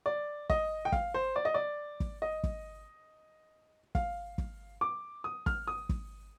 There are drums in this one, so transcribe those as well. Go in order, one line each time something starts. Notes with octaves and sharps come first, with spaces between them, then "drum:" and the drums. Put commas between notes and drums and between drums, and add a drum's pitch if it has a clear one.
D5
D#5, drum: kick
G5
F5, drum: kick
C5
D5
D#5
D5
drum: kick
D#5
drum: kick
F5, drum: kick
drum: kick
D6
D#6
F6, drum: kick
D#6
drum: kick